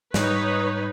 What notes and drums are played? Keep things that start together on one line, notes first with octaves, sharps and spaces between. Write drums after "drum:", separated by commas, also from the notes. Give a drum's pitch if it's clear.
G#2 G3 D#4 B4 C#5, drum: snare